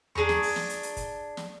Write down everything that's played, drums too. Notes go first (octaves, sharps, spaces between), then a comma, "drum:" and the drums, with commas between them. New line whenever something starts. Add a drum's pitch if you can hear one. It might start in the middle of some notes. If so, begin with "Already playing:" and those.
D4 G#4 A#5 C#6, drum: tom E2
drum: snare
drum: open hi-hat
drum: snare
drum: hi-hat
drum: hi-hat
drum: kick, hi-hat
drum: snare